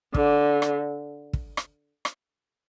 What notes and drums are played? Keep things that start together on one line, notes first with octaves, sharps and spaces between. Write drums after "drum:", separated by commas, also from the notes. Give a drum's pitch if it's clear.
D3, drum: kick
drum: rim click
drum: kick
drum: rim click
drum: rim click